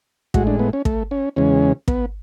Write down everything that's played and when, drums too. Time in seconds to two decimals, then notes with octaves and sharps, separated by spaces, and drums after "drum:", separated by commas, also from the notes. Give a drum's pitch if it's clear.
0.34 A2 G#3 F#4, drum: kick
0.47 D4
0.59 B3
0.73 C#4
0.85 A3, drum: kick
1.11 C#4
1.36 E2 C#3 G#3 C#4
1.88 B3, drum: kick